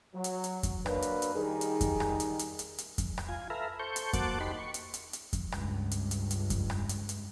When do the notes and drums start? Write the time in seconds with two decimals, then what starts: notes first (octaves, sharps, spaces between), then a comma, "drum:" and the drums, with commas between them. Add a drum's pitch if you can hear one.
0.14 F#3
0.24 drum: hi-hat
0.44 drum: hi-hat
0.63 drum: kick F2, hi-hat
0.86 F#3 A#3 D4 B4, drum: rim click
1.02 drum: hi-hat
1.22 drum: hi-hat
1.35 D#3 G3 D#4 G#4
1.61 drum: hi-hat
1.81 drum: kick F2, hi-hat
2.00 drum: rim click
2.20 drum: hi-hat
2.39 drum: hi-hat
2.59 drum: hi-hat
2.78 drum: hi-hat
2.98 drum: kick F2, hi-hat
3.18 drum: rim click
3.28 F4 G#5
3.50 A4 B4 E5 F5 A#5
3.79 A4 C5 C#6 G6
3.96 drum: hi-hat
4.13 A#3 F#4 C5 A5 D6 F#6, drum: kick F2, hi-hat
4.40 D#4 G4 B5 C6
4.59 C#6
4.74 drum: hi-hat
4.94 drum: hi-hat
5.13 drum: hi-hat
5.33 drum: kick F2, hi-hat
5.52 C#2 G2, drum: rim click
5.91 drum: hi-hat
6.11 drum: hi-hat
6.31 drum: hi-hat
6.50 drum: kick F2, hi-hat
6.70 drum: rim click
6.89 drum: hi-hat
7.09 drum: hi-hat